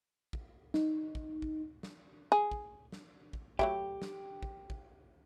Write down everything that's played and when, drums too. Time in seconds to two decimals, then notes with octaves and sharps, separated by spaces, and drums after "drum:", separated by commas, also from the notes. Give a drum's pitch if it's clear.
0.33 drum: kick
0.74 D#4, drum: snare
1.15 drum: kick
1.42 drum: kick
1.83 drum: snare
2.32 G#4
2.51 drum: kick
2.92 drum: snare
3.33 drum: kick
3.59 F#3 A3 E4 G4, drum: kick
4.02 drum: snare
4.43 drum: kick
4.70 drum: kick